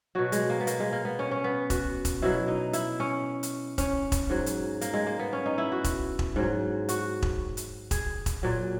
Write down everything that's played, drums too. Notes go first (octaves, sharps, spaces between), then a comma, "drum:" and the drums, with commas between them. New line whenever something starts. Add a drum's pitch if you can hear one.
B2 F#3 F#4
G#3, drum: hi-hat
A#3
B3
A#3, drum: hi-hat
G#3
A#3
B3
C#4
C#4
B3
F#4, drum: kick E1, hi-hat
drum: kick E1, hi-hat
B2 F#3 E4
D#4
E4, drum: hi-hat
C#4
drum: hi-hat
C#4, drum: kick E1, hi-hat
drum: kick E1, hi-hat
G#2 F#3
drum: hi-hat
A#3, drum: hi-hat
G#3
A#3
B3
C#4
D#4
E4
F#4
drum: kick E1, hi-hat
drum: kick E1
G#2 F#3
F#4, drum: hi-hat
drum: kick E1
drum: hi-hat
G#4, drum: kick E1, hi-hat
drum: kick E1, hi-hat
A#2 F#3